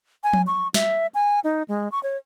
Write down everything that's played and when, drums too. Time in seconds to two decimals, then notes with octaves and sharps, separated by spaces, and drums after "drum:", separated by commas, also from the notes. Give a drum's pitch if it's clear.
0.24 G#5
0.33 drum: tom F3
0.47 C#6
0.74 E5, drum: snare
1.14 G#5
1.44 D#4
1.68 G#3
1.92 C#6
2.03 C#5